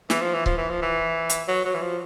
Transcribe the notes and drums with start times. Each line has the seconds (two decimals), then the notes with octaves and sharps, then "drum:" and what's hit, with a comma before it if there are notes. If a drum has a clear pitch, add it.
0.10 E3, drum: snare
0.21 F3
0.33 E3
0.46 F3, drum: kick C#1
0.57 E3
0.69 F3
0.82 E3
1.29 drum: hi-hat
1.48 F#3
1.65 F#3
1.74 E3
1.81 F3